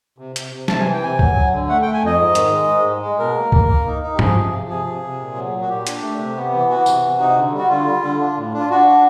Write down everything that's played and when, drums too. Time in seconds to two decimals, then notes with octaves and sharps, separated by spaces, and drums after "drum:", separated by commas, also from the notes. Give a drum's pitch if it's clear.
0.18 C3
0.36 C3, drum: hi-hat
0.52 C3
0.68 C3 A5, drum: snare
0.80 E3 G#5
0.93 G5
1.02 C3 G#5
1.19 F#3, drum: kick C#2
1.35 F#3
1.53 D3
1.68 A3 F#5
1.82 A3 G5
1.94 G#5
2.02 F2 D#5
2.19 G#2
2.35 D#3, drum: hi-hat
2.52 G#3
2.69 G#2
2.86 G#3
3.02 G#3
3.19 B2 A#4
3.35 A#3
3.52 A#3, drum: kick C#2
3.69 A#3
3.86 D#4
4.02 D#4
4.15 G4
4.19 F3 G#4, drum: tom G2
4.36 C3
4.52 F3
4.69 C3 G#4
4.86 C3
5.03 C3
5.20 A#2
5.35 F#3
5.53 A#2
5.61 F#4
5.69 A#2 G4
5.87 D4, drum: hi-hat
6.02 A3
6.19 C3
6.36 B3
6.53 E3
6.69 E3 F#4
6.86 C3, drum: tambourine
7.02 C3
7.20 D#4
7.37 D3
7.52 G3
7.58 F#4
7.69 D3 F4
7.86 G3
8.02 D3
8.20 D4
8.37 A2
8.53 D4 F4
8.70 D4 F#4
8.87 D4